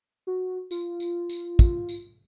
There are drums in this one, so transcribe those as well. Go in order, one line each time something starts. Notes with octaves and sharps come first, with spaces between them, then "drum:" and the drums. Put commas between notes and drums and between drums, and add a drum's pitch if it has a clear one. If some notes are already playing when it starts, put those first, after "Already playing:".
F#4
F4, drum: tambourine
drum: tambourine
drum: tambourine
drum: kick, tambourine
drum: tambourine